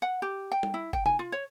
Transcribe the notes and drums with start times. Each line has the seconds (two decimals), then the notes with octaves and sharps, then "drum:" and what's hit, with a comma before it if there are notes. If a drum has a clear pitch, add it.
0.02 F#5
0.22 G4
0.52 G5
0.63 drum: tom
0.74 E4
0.93 G5, drum: kick G1
1.06 G#5, drum: tom
1.19 F4
1.32 C#5